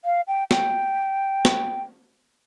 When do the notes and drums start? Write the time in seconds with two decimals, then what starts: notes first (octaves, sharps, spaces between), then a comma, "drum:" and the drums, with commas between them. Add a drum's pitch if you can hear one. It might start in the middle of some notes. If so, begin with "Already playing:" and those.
0.05 F5
0.28 G5
0.51 G5, drum: snare
1.45 drum: snare